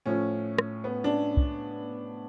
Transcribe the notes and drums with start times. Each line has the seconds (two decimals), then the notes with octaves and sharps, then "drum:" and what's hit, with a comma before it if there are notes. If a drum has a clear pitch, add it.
0.06 A2 F3 C#4
0.59 drum: rim click
0.84 B3
1.04 D4
1.37 drum: kick